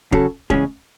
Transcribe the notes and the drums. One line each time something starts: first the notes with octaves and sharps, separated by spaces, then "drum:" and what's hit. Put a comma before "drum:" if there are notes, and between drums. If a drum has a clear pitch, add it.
C#3 F#3 C#4 F#4 A4, drum: kick
E2 C#3 G#3 C#4 G#4, drum: kick